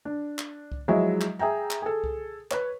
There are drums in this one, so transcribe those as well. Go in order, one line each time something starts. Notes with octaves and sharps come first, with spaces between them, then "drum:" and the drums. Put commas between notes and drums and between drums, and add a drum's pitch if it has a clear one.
D4
drum: clap
drum: kick C2
F3 F#3 G#3 E4 D#5 E5
drum: clap
G#4 E5 G5 A#5
drum: clap
G#4 A4
drum: kick C2
B4 C#5, drum: clap